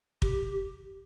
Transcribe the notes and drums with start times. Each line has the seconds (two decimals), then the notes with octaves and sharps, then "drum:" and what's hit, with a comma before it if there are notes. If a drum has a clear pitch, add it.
0.22 G4, drum: kick